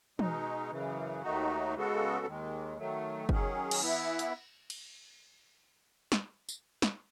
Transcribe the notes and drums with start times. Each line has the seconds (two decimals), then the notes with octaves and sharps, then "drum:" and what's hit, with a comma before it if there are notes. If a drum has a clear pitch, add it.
0.19 B2 G#3 D#4, drum: tom
0.70 F#2 C#3 E3
1.22 D#2 D#3 A3 D#4 F#4
1.75 C#3 G#3 B3 F#4 A4
2.25 D#2 D#3 G#3
2.78 D#3 F#3 A3
3.29 D#3 F#3 C#4 G#4, drum: kick
3.71 drum: cymbal
3.82 E3 B3 E4
4.19 drum: hi-hat
4.70 drum: cymbal
6.12 drum: snare
6.49 drum: tambourine
6.82 drum: snare